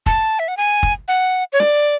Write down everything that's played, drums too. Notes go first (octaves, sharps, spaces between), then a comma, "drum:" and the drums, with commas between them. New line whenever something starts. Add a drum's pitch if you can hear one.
A5, drum: kick
E5
F#5
G#5
drum: kick
F#5
C#5
D5, drum: snare